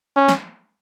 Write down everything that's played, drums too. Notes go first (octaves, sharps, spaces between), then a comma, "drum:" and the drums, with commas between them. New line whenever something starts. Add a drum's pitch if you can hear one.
C#4
drum: snare